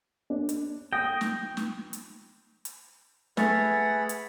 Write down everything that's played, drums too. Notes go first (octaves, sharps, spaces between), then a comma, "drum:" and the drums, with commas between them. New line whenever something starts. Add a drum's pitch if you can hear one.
D4
drum: hi-hat
G5 D#6 A#6
drum: snare
drum: snare
drum: hi-hat
drum: hi-hat
A3 G#4 B4 F#5 B5 A6, drum: snare
drum: hi-hat